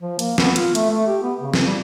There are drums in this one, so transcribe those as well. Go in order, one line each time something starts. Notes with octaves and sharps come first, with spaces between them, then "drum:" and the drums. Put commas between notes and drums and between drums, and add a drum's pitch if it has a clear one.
F3
A#3, drum: hi-hat
B3, drum: snare
F4, drum: hi-hat
A3, drum: hi-hat
A3
G4
B3
C#3
drum: snare
G3